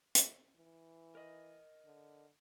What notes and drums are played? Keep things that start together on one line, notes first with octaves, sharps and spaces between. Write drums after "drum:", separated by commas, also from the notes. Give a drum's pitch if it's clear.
drum: hi-hat
E3
A#4 D#5
D3